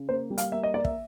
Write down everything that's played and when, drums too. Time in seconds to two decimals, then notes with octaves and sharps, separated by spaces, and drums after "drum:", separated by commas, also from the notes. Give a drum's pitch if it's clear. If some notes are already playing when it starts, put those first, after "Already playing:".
Already playing: C#3
0.09 A#3 C5
0.30 G3
0.38 F5, drum: hi-hat
0.52 A#3 E5
0.63 D#5
0.74 A#3 D5
0.85 E5, drum: kick